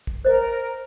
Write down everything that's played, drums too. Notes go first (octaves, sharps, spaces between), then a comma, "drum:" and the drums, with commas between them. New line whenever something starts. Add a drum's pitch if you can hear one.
drum: kick
A#4 C5 D#5